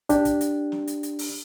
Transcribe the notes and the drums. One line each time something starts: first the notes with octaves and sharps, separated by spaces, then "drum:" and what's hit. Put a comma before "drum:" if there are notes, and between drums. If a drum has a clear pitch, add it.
D4 G4, drum: kick, hi-hat
drum: kick, hi-hat
drum: hi-hat
drum: snare
drum: hi-hat
drum: hi-hat
drum: open hi-hat